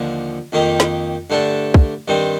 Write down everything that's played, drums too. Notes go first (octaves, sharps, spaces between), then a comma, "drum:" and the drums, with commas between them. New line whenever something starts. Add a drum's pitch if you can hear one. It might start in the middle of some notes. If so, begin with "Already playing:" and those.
Already playing: D#2 D3 F3 A#3
F2 D#3 A#3 D#4 G4
drum: snare
G2 D3 A3 D4 A4
drum: kick
G2 D#3 G3 C4